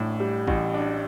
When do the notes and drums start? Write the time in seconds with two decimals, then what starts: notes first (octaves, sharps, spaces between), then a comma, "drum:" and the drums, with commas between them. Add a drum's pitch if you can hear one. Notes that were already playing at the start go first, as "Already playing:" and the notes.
Already playing: A1 A2 D4
0.20 G3
0.48 A1, drum: kick
0.74 D4